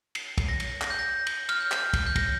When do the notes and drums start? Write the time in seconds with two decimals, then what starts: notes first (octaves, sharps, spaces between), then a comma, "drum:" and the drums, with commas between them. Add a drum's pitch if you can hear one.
0.15 C7, drum: cymbal
0.38 drum: kick, cymbal
0.48 A#6
0.60 drum: cymbal
0.82 A#6, drum: clap
0.90 G6
0.99 A#6
1.27 drum: cymbal
1.49 F6, drum: cymbal
1.60 G6
1.72 F6, drum: clap
1.93 drum: kick, cymbal
2.06 G6
2.16 A#6, drum: kick, cymbal